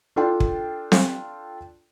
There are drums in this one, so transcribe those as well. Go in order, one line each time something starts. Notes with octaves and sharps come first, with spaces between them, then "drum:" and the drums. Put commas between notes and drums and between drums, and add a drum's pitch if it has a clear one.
D4 F4 A4 D5 G5 C6
drum: kick
drum: snare C4